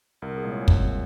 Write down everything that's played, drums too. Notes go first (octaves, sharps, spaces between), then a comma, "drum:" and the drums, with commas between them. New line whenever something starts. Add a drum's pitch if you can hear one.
C2 A#4
G#4
A#2 G#3
C#5
C2, drum: kick